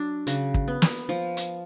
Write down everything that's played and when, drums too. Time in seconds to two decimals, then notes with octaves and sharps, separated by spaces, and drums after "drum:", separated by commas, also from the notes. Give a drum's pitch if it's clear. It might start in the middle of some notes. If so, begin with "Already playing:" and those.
Already playing: F#3 D4
0.27 C#3 F#4, drum: hi-hat
0.54 drum: kick
0.68 B3
0.82 drum: snare
1.09 F3 F4
1.37 drum: hi-hat